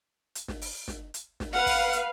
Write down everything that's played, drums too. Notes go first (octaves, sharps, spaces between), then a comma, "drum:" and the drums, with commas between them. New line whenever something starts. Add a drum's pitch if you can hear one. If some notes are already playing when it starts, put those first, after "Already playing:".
drum: hi-hat
drum: snare
drum: open hi-hat
drum: snare
drum: hi-hat
drum: snare
B4 F5 F#5
drum: kick, open hi-hat
drum: hi-hat